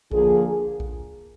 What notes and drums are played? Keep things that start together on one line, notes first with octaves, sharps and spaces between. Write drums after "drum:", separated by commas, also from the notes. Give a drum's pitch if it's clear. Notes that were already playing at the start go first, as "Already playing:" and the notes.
D3 F3 A#3 G#4, drum: kick A#1
drum: kick A#1